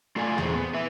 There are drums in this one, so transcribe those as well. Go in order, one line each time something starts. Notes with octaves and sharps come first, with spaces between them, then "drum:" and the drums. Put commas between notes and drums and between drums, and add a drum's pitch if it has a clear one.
A3 F4 A4 D5 F5 G#5
E3 G#4 C5, drum: tom
B3
B4 E5